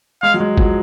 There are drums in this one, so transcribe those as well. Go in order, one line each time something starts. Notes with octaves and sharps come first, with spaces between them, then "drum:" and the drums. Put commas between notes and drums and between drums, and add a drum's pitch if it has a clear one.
G#3 F5
F#3
G#3
F3
F#3, drum: kick